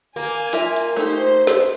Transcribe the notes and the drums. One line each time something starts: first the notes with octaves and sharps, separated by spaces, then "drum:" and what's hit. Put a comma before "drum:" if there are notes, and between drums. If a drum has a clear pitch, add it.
A#3 G#5
F4 A#4 E5, drum: hi-hat
drum: hi-hat
A3 D#4 G4 C5
drum: snare